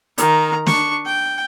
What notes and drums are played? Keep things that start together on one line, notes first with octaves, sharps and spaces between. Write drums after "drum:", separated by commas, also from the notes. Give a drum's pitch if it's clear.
D#3 A#5, drum: hi-hat
D4 C#6, drum: snare
G5